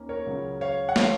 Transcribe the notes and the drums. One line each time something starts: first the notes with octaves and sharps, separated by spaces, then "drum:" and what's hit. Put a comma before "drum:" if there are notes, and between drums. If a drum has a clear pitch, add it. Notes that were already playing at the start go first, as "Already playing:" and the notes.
Already playing: D#2 D#3 A#3 C#4
A#4 C#5
C#2 C#3 F#3
C#5 F5
F#5
F3 A#3 C#5 F5, drum: snare